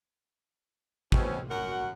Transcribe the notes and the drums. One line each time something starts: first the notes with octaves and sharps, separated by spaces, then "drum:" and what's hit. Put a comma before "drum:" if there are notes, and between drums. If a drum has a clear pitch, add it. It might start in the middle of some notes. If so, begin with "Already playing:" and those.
B2 C4 C#4, drum: kick
F#2 F#4 A#4 F#5